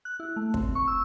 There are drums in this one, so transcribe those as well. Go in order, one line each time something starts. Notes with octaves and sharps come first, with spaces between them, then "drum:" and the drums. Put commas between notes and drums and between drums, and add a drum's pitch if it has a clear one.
F#6
E4
A3
C4, drum: kick
C#6
E6